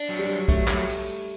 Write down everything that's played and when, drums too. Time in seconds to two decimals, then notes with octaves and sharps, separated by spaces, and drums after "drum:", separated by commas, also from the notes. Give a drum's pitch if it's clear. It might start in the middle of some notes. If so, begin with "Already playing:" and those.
Already playing: D4
0.09 F#3
0.19 G3
0.29 F#3
0.48 F#3 A3, drum: kick, hi-hat
0.68 F#3 A3, drum: clap
0.88 drum: open hi-hat